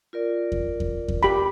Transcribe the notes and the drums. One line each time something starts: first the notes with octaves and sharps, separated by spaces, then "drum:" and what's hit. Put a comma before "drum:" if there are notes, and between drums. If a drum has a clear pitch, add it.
F4 A#4 D5
drum: kick E2
drum: kick E2
drum: kick E2
G4 B5